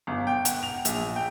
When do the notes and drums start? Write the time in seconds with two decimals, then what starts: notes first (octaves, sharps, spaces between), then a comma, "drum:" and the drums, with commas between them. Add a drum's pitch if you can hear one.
0.07 G1
0.27 G5
0.45 F#5, drum: hi-hat
0.63 F7
0.85 A#1, drum: hi-hat
1.16 G5